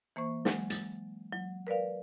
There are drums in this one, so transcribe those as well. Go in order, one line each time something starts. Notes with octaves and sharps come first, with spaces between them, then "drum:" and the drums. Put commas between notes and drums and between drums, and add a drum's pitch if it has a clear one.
E3 A#3 C5 C#6
F#3 G#3, drum: snare
A6, drum: hi-hat
F#3
A#4 B4 D5 F5